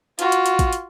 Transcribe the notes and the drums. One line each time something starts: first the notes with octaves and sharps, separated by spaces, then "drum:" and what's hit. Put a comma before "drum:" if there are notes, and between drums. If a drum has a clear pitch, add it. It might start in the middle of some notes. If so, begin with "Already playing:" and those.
F4 F#4, drum: hi-hat
drum: hi-hat
drum: hi-hat
drum: kick, hi-hat
drum: hi-hat